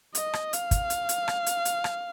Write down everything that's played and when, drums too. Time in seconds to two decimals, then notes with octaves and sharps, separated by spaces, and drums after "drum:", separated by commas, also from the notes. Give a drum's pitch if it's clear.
0.15 D#5, drum: hi-hat
0.33 drum: rim click
0.53 F5, drum: hi-hat
0.71 drum: kick, hi-hat
0.90 drum: hi-hat
1.09 drum: hi-hat
1.28 drum: rim click
1.46 drum: hi-hat
1.65 drum: hi-hat
1.84 drum: rim click